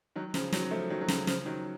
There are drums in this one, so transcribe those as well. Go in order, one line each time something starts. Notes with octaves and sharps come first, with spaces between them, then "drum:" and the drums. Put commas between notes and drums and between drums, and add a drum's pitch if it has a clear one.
D#3 F#3
C#3 F3, drum: snare
D#3 F#3, drum: snare
F3 A3
D#3 F#3
F#3
C#3 F3, drum: snare
C#3 F3, drum: snare
D#3 F#3